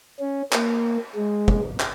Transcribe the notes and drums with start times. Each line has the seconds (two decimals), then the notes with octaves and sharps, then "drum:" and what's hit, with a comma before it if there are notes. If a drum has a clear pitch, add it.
0.20 C#4
0.52 A#3, drum: clap
1.15 G#3
1.48 drum: kick
1.80 drum: clap